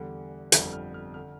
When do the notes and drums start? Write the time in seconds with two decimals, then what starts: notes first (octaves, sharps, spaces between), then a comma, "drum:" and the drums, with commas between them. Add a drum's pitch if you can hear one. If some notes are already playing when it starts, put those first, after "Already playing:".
Already playing: E2 D3 G3
0.52 G1 F2 D3 G3 G6, drum: hi-hat
0.73 F6
0.94 F6
1.14 D3 F6